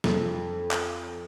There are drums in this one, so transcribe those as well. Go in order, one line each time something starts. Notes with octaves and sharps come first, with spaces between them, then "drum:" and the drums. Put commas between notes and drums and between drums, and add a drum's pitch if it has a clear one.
F2, drum: snare
drum: clap